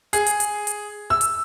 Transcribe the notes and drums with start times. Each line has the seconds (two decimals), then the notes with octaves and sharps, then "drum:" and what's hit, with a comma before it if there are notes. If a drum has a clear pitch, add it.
0.13 G#4, drum: hi-hat
0.26 drum: hi-hat
0.40 drum: hi-hat
0.67 drum: hi-hat
1.10 E6
1.21 drum: hi-hat